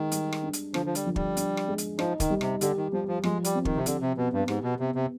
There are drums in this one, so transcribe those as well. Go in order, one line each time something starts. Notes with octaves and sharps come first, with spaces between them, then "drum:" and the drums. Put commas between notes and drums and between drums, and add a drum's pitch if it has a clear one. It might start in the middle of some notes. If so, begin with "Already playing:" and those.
Already playing: D#3 G#3
G3, drum: hi-hat
drum: rim click
D4
drum: hi-hat
D3 F3, drum: rim click
F3
G3, drum: hi-hat
F3
G3, drum: kick
D4, drum: hi-hat
drum: rim click
G#3
drum: hi-hat
F3 D#4, drum: rim click
D#3, drum: kick, hi-hat
G3
C3, drum: rim click
D3 G4, drum: hi-hat
D#3
F3 G3
F3
F3 G#3, drum: rim click
G3, drum: hi-hat
C4
D#3, drum: kick
C3
D3 G4, drum: hi-hat
C3
B2 B3
G2
G#2 G4, drum: rim click
B2
C3 B3
C3